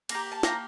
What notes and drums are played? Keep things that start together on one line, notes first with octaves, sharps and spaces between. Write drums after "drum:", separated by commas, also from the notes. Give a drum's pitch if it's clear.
A#3 D#4 A#5, drum: cymbal
G4
A5
A#3 D4 G4 A#5, drum: snare